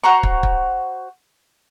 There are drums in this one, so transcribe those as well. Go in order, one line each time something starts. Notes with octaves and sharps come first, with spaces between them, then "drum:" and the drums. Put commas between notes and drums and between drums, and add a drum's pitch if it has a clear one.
F#4 C5 A#5 C#6
drum: kick
drum: kick